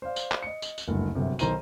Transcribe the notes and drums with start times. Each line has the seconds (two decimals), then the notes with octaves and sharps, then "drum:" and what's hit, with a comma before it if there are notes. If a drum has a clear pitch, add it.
0.02 C5 D5 F5
0.16 drum: tambourine
0.32 drum: clap
0.43 D#5 C#7
0.62 drum: tambourine
0.78 drum: tambourine
0.88 F#1 D2 G2
1.15 G1 F#2 C3
1.39 B1 D#3 C5 A#5 D#7, drum: tambourine